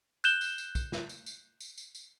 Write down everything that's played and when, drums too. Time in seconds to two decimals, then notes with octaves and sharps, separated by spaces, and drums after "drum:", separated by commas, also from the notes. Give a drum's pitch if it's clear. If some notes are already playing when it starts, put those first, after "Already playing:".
0.24 F#6 G6 E7 G7, drum: tambourine
0.41 drum: tambourine
0.58 drum: tambourine
0.75 drum: kick, tambourine
0.92 drum: snare
1.09 drum: tambourine
1.26 drum: tambourine
1.61 drum: tambourine
1.78 drum: tambourine
1.95 drum: tambourine